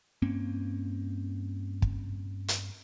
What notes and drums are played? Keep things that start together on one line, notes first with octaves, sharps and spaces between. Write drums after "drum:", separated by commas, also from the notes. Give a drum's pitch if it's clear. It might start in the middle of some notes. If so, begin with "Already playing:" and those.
G2 A#3 C4 C#4
drum: kick
drum: hi-hat